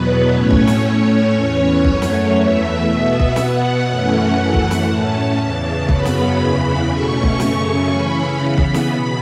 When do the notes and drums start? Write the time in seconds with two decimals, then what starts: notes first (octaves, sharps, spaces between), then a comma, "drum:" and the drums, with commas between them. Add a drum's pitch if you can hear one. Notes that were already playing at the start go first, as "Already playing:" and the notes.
Already playing: E2 B2 F#3 B3 B4
0.33 A2 A3 C#4 C#5
0.51 drum: kick
0.67 drum: snare
0.84 A2 A3 C#4
1.35 E2 E3 C#4
1.84 F#2 F#3 A3 C#4, drum: kick
2.02 drum: snare
2.35 E2 E3 A3 E5
2.86 B2 B3
3.20 drum: kick
3.36 B2 B3 F#5, drum: snare
3.86 F#2 E3 A3 C#4
4.38 F#2 E3 A3
4.54 drum: kick
4.71 drum: snare
4.87 A2 A3 C#4 A5
5.38 E2 C#3 E3
5.89 F#2 C#3 F#3 B3 B5, drum: kick
6.05 drum: snare
6.38 E2 C#3 E3
6.89 B2 A3 C#4 C#6
7.23 drum: kick
7.40 F#2 C#3 A3 C#4, drum: snare
7.90 C#3 E3 C#4 B5
8.40 C#3 E3 B3
8.58 drum: kick
8.74 drum: snare
8.91 B2 B5